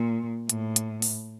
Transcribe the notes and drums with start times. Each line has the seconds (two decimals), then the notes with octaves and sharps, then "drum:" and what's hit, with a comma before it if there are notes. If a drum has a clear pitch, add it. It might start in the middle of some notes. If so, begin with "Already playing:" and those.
Already playing: A#2
0.49 A2, drum: hi-hat
0.76 drum: hi-hat
1.02 drum: open hi-hat